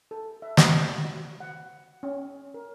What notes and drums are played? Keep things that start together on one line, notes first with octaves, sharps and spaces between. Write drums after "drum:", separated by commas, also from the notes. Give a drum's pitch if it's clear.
A4
E5
C5, drum: snare
F#4
F#5
C#4
A#4